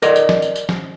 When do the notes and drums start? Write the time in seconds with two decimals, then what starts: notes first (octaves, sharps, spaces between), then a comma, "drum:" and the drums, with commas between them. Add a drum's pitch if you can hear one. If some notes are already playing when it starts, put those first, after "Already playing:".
0.02 A#4 D5 D#5, drum: tambourine
0.16 drum: tambourine
0.29 drum: snare
0.42 drum: tambourine
0.56 drum: tambourine
0.69 drum: snare